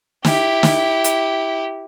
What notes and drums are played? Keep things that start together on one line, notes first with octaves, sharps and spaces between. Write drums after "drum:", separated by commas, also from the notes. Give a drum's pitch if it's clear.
E4 G4, drum: snare
drum: snare
drum: hi-hat